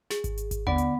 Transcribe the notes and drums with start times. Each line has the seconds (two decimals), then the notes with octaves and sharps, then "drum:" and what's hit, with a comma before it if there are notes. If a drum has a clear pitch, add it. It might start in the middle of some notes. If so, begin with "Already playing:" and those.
0.10 G#4, drum: snare
0.24 drum: kick G#1, hi-hat
0.38 drum: hi-hat
0.51 drum: kick G#1, hi-hat
0.67 D2 D3 B3 D5 F#5, drum: tom D#2
0.78 drum: hi-hat